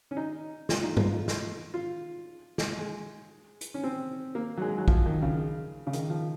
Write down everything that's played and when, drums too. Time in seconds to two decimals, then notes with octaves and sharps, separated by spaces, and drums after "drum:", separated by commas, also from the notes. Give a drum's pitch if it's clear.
0.11 C#4
0.17 D#4
0.69 F4, drum: snare
0.83 D#4
0.97 F4, drum: tom G#2
1.28 drum: snare
1.74 F4
2.58 drum: snare
2.78 G#3
3.61 drum: hi-hat
3.74 C#4
3.84 C4
4.35 A#3
4.57 F#3
4.62 G#3
4.78 F#3
4.88 F3, drum: kick
5.06 D#3
5.22 C#3
5.87 C#3
5.93 D#3, drum: hi-hat
6.10 F3